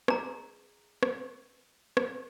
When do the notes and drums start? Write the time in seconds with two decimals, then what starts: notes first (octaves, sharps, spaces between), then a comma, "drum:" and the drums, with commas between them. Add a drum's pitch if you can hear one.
0.08 G#4 A#5, drum: rim click
1.03 drum: rim click
1.97 drum: rim click